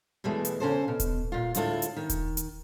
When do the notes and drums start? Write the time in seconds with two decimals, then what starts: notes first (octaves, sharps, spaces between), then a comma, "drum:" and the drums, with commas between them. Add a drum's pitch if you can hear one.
0.24 E2 B2 E3 G#3 A3
0.45 drum: hi-hat
0.60 C#3 C#4 A4 C5
0.88 B2
1.00 drum: kick D#1, hi-hat
1.32 A#2 F4
1.55 D2 A2 G#3 E4 F4 A4, drum: hi-hat
1.82 drum: hi-hat
1.96 D#3
2.09 drum: kick D#1, hi-hat
2.37 drum: hi-hat